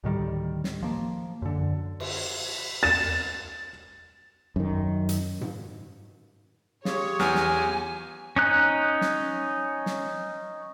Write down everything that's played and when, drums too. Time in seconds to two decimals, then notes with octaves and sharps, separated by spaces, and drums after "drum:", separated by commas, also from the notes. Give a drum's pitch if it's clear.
0.04 D2 A2 D#3 G3
0.64 drum: snare
0.83 F3 A#3
1.42 F#2 D3
2.00 drum: cymbal
2.83 A6 E7
4.56 F#2 D#3
5.09 drum: hi-hat
5.41 drum: tom G#2
6.85 F4 G4 G#4 C#5, drum: snare
7.20 E2 G#5 F6, drum: snare
7.35 drum: snare
8.36 C#4 D#4 F#6
9.01 drum: snare
9.86 drum: snare